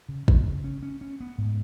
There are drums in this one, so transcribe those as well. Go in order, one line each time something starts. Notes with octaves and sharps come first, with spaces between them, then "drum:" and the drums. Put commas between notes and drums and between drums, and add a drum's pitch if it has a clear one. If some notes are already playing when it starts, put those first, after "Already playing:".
C#3
C#3, drum: kick
C#3
C#4
C#4
C#4
B3
G#2